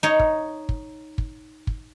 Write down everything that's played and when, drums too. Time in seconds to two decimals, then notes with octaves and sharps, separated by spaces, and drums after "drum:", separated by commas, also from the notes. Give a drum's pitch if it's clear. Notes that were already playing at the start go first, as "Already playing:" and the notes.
0.03 D#4 C#5
0.19 drum: kick
0.69 drum: kick
1.18 drum: kick
1.67 drum: kick